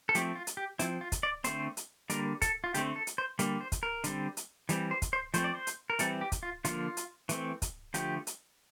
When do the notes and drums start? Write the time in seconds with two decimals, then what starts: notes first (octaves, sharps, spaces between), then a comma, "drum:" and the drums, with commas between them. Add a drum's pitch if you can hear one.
0.09 A4
0.15 F3 A3 C4 G4, drum: hi-hat
0.35 F4
0.47 drum: hi-hat
0.57 G4
0.79 F3 C4 E4, drum: hi-hat
1.01 F4
1.12 drum: kick, hi-hat
1.23 D5
1.44 D3 A3 C4 C5, drum: hi-hat
1.77 drum: hi-hat
2.10 D3 G3 A#3 A#4, drum: hi-hat
2.42 A4, drum: kick, hi-hat
2.64 F4
2.74 D3 A3 C4 G4, drum: hi-hat
2.96 A4
3.07 drum: hi-hat
3.18 C5
3.39 D3 G3 A#3, drum: hi-hat
3.61 C5
3.72 drum: kick, hi-hat
3.83 A#4
4.04 D3 G3 C4, drum: hi-hat
4.37 drum: hi-hat
4.69 E3 G3 C4, drum: hi-hat
4.91 C5
5.02 drum: kick, hi-hat
5.13 C5
5.34 F3 A3 C4 C5, drum: hi-hat
5.44 D5
5.55 C5
5.67 drum: hi-hat
5.90 A#4
5.99 E3 G3 C4 A4, drum: hi-hat
6.21 G4
6.32 drum: kick, hi-hat
6.43 F4
6.65 D3 F3 A#3 F4, drum: hi-hat
6.97 drum: hi-hat
7.29 E3 A3 C4, drum: hi-hat
7.62 drum: kick, hi-hat
7.94 D3 F3 A3 G4, drum: hi-hat
8.27 drum: hi-hat